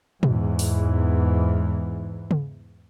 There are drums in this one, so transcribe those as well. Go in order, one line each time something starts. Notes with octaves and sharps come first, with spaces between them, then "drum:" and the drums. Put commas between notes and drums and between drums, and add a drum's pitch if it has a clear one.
E2 G#2 E3, drum: tom A#2
drum: open hi-hat
drum: tom C#3